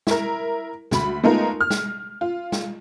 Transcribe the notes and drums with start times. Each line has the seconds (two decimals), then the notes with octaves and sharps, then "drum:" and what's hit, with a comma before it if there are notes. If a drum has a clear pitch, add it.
0.07 E4 A#4, drum: snare
0.91 D2 B5, drum: snare
1.24 G#3 A3 B3 D#4 F4 A#4
1.61 F6
1.70 drum: snare
2.21 F4
2.52 drum: snare